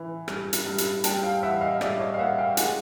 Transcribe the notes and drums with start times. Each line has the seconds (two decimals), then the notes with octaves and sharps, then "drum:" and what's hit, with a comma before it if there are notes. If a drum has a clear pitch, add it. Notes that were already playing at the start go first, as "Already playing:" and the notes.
Already playing: E3
0.28 G2, drum: rim click
0.53 drum: hi-hat
0.66 G2
0.78 drum: hi-hat
1.04 G3 G5 A5, drum: hi-hat
1.23 F5 G5
1.43 E3 E5 F#5
1.61 D#5 F5
1.81 G2 D5 E5, drum: rim click
1.99 C#5 D#5
2.14 F5
2.19 A#3 E5 F#5
2.38 F5 G5
2.57 G#3 F#5 G#5, drum: hi-hat